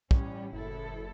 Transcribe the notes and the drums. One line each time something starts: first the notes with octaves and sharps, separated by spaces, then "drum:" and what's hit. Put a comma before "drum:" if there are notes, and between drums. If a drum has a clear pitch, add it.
A1 G3 C#4, drum: kick
F#1 E4 A4